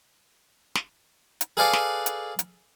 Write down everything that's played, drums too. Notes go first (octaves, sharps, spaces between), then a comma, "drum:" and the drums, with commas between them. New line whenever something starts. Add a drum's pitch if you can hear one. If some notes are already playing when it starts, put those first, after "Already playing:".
drum: snare
drum: hi-hat
G#4 A4 B4 D5 F5
drum: snare
drum: hi-hat
drum: hi-hat